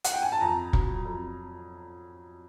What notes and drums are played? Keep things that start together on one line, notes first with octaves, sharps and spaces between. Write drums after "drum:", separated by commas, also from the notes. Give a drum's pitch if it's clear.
F#5, drum: hi-hat
G5
G#5
A5
F2 A#5
F#3, drum: kick
F2